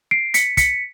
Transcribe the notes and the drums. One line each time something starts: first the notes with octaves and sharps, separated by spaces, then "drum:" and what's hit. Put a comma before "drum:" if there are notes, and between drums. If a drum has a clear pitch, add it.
C7 D7
B6 C#7, drum: hi-hat
B6 C#7, drum: kick, hi-hat